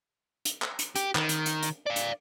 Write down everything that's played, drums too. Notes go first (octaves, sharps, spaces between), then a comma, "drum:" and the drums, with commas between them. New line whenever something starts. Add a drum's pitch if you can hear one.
drum: hi-hat
drum: clap
drum: hi-hat
G4, drum: hi-hat
D#3, drum: clap
drum: hi-hat
drum: hi-hat
drum: hi-hat
D5 F5
drum: hi-hat